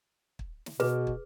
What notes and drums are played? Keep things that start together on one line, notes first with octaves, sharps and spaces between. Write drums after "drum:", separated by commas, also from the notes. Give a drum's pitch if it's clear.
drum: kick
drum: snare
B2 G#4 B4, drum: snare
drum: kick